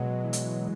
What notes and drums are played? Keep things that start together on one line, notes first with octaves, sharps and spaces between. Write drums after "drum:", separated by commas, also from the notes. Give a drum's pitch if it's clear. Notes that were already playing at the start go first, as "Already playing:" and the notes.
Already playing: B2 F#3 G#3
E3
drum: hi-hat